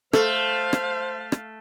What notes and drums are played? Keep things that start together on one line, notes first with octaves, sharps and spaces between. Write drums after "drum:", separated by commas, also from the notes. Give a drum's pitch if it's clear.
A3 A4 C5 F5, drum: rim click
drum: rim click
drum: rim click